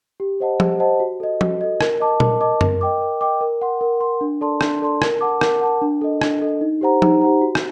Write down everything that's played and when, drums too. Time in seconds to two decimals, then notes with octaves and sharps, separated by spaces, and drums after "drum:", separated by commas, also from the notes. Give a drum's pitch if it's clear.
0.20 G4
0.40 C5 D#5 F#5 A5
0.60 G4, drum: tom F3
0.80 C5 D#5 F#5 A5
1.00 F#4
1.20 A4 D#5
1.41 F#4, drum: tom F3
1.61 A4 D#5
1.81 A#4, drum: rim click
2.00 D#5 A5 D6
2.20 A#4, drum: tom A#2
2.41 D#5 A5 D6
2.61 A#4, drum: tom F#2
2.81 D#5 G5 D6
3.01 A#4
3.21 D#5 G5 D6
3.41 A#4
3.61 F#5 C6
3.81 A#4
4.01 F#5 C6
4.21 D4
4.41 A4 D5 A5 C6
4.61 D4, drum: rim click
4.82 A4 D5 A5 C6
5.02 A#4, drum: rim click
5.21 F#5 A5 D6
5.41 A#4, drum: rim click
5.61 F#5 A5 D6
5.82 D4
6.01 A4 D#5
6.21 D4, drum: rim click
6.42 A4 D#5
6.61 D#4
6.81 G4 C5 F#5 A#5
7.02 D#4, drum: tom F3
7.21 G4 C5 F#5 A#5
7.41 F#4
7.55 drum: rim click